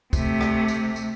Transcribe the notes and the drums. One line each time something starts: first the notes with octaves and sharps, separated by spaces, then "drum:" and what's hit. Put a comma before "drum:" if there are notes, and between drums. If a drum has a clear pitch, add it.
C3 A3, drum: kick, tambourine
drum: rim click
drum: tambourine
drum: tambourine